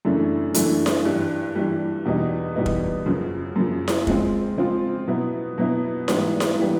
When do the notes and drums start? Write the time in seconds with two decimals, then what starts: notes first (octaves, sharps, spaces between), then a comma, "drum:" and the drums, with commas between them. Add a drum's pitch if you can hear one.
0.05 F#2 C#3 E3 A3 D4
0.54 F#2 C#3 E3 A3 D4, drum: hi-hat
0.86 drum: snare E4
1.05 G2 E3 G3
1.55 G2 E3 G3
2.05 E2 B2 G3 B3 D#4
2.56 E2 B2 G3 B3 D#4
2.66 drum: kick
3.06 F#2 C#3 F3
3.56 F#2 C#3 F3
3.88 drum: snare E4
4.07 C#3 F3 G#3 C4 F4, drum: kick
4.57 C#3 F3 G#3 C4 F4
5.07 B2 F#3 B3 E4
5.58 B2 F#3 B3 E4
6.08 G#2 E3 G3 B3, drum: snare E4
6.40 drum: snare E4
6.59 E3 G3 B3